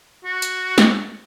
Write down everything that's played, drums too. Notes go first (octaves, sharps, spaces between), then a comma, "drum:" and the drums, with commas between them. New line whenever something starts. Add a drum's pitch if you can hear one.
F#4
drum: hi-hat
drum: snare